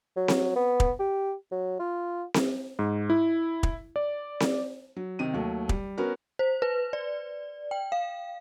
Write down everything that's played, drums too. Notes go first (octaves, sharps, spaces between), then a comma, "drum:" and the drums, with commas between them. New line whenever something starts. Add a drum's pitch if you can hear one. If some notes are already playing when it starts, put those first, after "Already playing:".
F#3
drum: snare C4
B3
drum: kick
G4
F#3
F4
drum: snare C4
G#2
E4
drum: kick
D5
drum: snare C4
F#3
C3 D#3 D#7
D#2 F#3 A3
G3, drum: kick
B3 C#4 F#4 A#4
C5
B4
D5
G5
F5